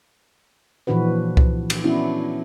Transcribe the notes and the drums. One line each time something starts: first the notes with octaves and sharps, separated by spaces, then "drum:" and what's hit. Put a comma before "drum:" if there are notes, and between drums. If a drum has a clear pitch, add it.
A#2 E3 F3 D4 F#4 B4
drum: kick C2
drum: cymbal
B3 C#4 D4 E4 F#4